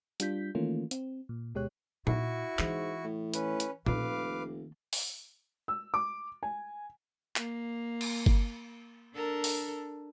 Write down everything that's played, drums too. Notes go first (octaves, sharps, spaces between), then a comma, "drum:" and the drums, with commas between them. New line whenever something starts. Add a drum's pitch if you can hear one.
G3 D4 F4 G6 B6, drum: hi-hat
D#3 E3 A3 A#3 C#4 F4
C4, drum: hi-hat
A#2
D2 B2 G#3 G4 C#5 F#6
A#2 E4 F#4 C#6, drum: tom A#2
G#2 E3, drum: clap
A2
C#4 B4, drum: hi-hat
drum: hi-hat
F1 D#3 A#3 B4 F5 D6, drum: tom A#2
drum: open hi-hat
E6
D6
G#5
A#3, drum: clap
drum: cymbal
drum: kick G1
D4 A4 A#4
drum: open hi-hat